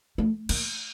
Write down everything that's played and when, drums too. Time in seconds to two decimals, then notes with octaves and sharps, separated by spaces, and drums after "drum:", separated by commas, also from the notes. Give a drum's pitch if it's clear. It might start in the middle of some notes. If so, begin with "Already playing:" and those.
0.18 A3
0.49 A#3, drum: cymbal